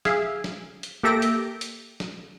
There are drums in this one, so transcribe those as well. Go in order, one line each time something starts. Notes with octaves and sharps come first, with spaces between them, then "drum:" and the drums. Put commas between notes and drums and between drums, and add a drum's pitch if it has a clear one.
G#4 E5 F5, drum: snare
drum: snare
drum: hi-hat
A#3 G4 A4 E5 A#6 D7
drum: hi-hat
drum: hi-hat
drum: snare